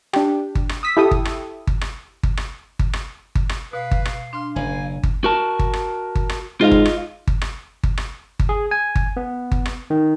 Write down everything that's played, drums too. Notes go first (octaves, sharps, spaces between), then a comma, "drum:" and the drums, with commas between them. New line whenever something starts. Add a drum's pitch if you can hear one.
D4 G4, drum: rim click
drum: kick G1
drum: rim click
D#6 E6 B6
E4 G4 A4 E5 D#6
drum: kick G1
drum: rim click
drum: kick G1
drum: rim click
drum: kick G1
drum: rim click
drum: kick G1
drum: rim click
drum: kick G1
drum: rim click
B2 B4 F5
drum: kick G1
drum: rim click
D4 C6 F6
F#1 G#5
drum: kick G1
F#4 A#4 A5
drum: kick G1
drum: rim click
drum: kick G1
drum: rim click
G#2 F4 D#5 F5
drum: kick G1
drum: rim click
drum: kick G1
drum: rim click
drum: kick G1
drum: rim click
drum: kick G1
G#4
G#5
drum: kick G1
B3
drum: kick G1
drum: rim click
D#3